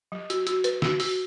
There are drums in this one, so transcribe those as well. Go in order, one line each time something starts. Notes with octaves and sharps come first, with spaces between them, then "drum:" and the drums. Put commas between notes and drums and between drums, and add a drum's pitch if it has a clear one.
F#3
F#4, drum: hi-hat
F#4, drum: hi-hat
B4, drum: hi-hat
F#4, drum: snare
F#4, drum: open hi-hat